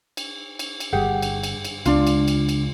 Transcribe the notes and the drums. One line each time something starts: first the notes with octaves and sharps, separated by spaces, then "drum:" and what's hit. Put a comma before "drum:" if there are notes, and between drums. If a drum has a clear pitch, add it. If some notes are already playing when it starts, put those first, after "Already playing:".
drum: cymbal
drum: cymbal
drum: cymbal
G1 G3 G4 G#4 F#5
drum: cymbal
drum: cymbal
drum: cymbal
C#2 D4 F4, drum: cymbal
drum: cymbal
drum: cymbal
drum: cymbal